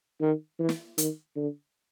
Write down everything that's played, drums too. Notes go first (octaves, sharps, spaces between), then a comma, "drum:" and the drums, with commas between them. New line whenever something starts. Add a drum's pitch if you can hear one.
D#3
E3
drum: snare
D#3, drum: hi-hat
D3